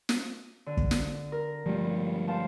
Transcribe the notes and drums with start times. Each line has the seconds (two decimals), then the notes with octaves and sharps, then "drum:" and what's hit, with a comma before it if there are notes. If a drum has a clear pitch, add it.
0.09 drum: snare
0.66 D3
0.77 drum: kick
0.91 drum: snare
1.32 A#4
1.66 G2 F3 G#3 A3 F4
2.28 C5 F5 A5